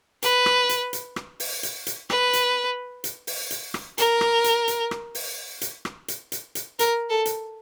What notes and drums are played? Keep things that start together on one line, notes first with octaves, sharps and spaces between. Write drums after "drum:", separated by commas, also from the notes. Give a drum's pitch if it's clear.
B4, drum: hi-hat
drum: rim click
drum: hi-hat
drum: hi-hat
drum: rim click
drum: open hi-hat
drum: hi-hat
drum: hi-hat
B4, drum: rim click
drum: hi-hat
drum: hi-hat
drum: open hi-hat
drum: hi-hat
drum: rim click
A#4, drum: hi-hat
drum: rim click
drum: hi-hat
drum: hi-hat
drum: rim click
drum: open hi-hat
drum: hi-hat
drum: rim click
drum: hi-hat
drum: hi-hat
drum: hi-hat
A#4, drum: hi-hat
A4
drum: hi-hat